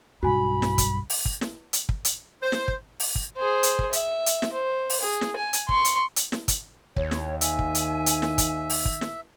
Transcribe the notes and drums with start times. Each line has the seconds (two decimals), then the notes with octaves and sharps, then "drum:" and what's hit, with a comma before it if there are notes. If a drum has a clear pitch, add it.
0.23 B1 G2 F#4 G#5 B5
0.62 drum: snare
0.78 drum: kick, hi-hat
1.10 drum: open hi-hat
1.25 drum: kick
1.41 drum: snare
1.73 drum: hi-hat
1.89 drum: kick
2.05 drum: hi-hat
2.42 C5
2.52 drum: snare
2.68 drum: kick
3.00 drum: open hi-hat
3.15 drum: kick
3.37 G#4 C5
3.63 drum: hi-hat
3.79 drum: kick
3.93 E5, drum: hi-hat
4.26 drum: hi-hat
4.42 drum: snare
4.53 C5
4.90 drum: open hi-hat
5.01 G#4
5.21 drum: snare
5.36 G#5
5.53 drum: hi-hat
5.69 C6 C#6, drum: kick
5.85 drum: hi-hat
6.16 drum: hi-hat
6.32 drum: snare
6.48 drum: kick, hi-hat
6.96 D#2 C#5, drum: kick
7.11 drum: snare
7.41 D#3 E5 G#5, drum: hi-hat
7.59 drum: kick
7.75 drum: hi-hat
8.06 drum: hi-hat
8.22 drum: snare
8.38 drum: kick, hi-hat
8.70 drum: open hi-hat
8.85 drum: kick
9.01 drum: snare